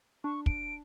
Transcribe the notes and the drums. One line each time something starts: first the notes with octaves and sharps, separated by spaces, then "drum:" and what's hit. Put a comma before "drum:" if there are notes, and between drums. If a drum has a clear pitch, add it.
D4 C#6
D7, drum: kick